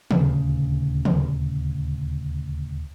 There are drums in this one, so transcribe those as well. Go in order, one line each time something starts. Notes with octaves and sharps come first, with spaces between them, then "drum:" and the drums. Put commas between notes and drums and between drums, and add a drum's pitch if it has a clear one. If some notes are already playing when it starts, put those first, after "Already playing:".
D#1 D2 C#3, drum: tom
drum: tom